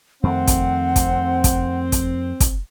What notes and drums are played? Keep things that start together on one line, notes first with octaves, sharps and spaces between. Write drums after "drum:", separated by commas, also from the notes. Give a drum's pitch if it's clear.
F2 D#3 A3 C4 F#5
drum: kick, hi-hat
drum: kick, hi-hat
drum: kick, hi-hat
drum: kick, hi-hat
drum: kick, hi-hat